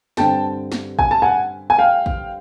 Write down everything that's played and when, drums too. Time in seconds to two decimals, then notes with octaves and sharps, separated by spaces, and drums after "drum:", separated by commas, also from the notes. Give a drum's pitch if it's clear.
0.17 G2 D3 G3 C4 G5 A5, drum: snare
0.72 drum: snare
0.99 G#5, drum: kick
1.11 A5
1.22 F#5 G#5
1.70 G#5
1.79 F5 G5
2.06 drum: kick